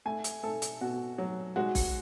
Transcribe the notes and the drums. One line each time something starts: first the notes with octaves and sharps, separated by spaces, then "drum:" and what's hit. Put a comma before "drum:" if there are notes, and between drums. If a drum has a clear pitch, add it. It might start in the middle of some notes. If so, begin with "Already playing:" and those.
A3 G#5
drum: hi-hat
A3 A4
drum: hi-hat
B2 F#4
F#3
G#3 F#4
drum: kick, open hi-hat